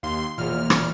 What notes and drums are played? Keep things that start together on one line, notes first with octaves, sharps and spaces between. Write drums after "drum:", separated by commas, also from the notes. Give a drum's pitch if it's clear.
D#2 F5 C6
E1 A#2 E3 F6
drum: rim click